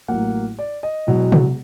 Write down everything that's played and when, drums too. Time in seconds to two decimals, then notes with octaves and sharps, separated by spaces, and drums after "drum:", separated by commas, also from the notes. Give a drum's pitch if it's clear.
0.08 A1 A2 F#3 A#3 F#5
0.59 D5
0.83 D#5
1.07 E1 E2 B2 F#3
1.32 drum: tom C3